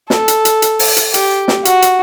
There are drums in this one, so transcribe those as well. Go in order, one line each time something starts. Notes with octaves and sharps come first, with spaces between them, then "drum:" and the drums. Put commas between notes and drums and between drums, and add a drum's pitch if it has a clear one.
A4, drum: snare
drum: hi-hat
drum: hi-hat
drum: hi-hat
drum: open hi-hat
drum: hi-hat
G4, drum: hi-hat
drum: snare
F#4, drum: hi-hat
drum: hi-hat